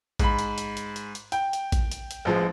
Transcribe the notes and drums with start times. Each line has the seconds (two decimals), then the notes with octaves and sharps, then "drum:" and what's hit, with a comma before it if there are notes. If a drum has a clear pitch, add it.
0.19 G#2 B5, drum: kick A1, hi-hat
0.39 drum: hi-hat
0.58 drum: hi-hat
0.77 drum: hi-hat
0.96 drum: hi-hat
1.15 drum: hi-hat
1.32 G5, drum: hi-hat
1.53 drum: hi-hat
1.72 drum: kick A1, hi-hat
1.92 drum: hi-hat
2.11 drum: hi-hat
2.25 A1 F3 G#3